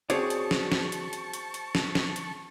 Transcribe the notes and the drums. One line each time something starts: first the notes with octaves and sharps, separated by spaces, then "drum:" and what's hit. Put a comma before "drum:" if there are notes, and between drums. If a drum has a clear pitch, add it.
C4 F#4 G#4 C#5 D5 A5 C#6, drum: hi-hat
drum: hi-hat
drum: snare
drum: snare
drum: hi-hat
drum: hi-hat
drum: hi-hat
drum: hi-hat
drum: snare
drum: snare
drum: hi-hat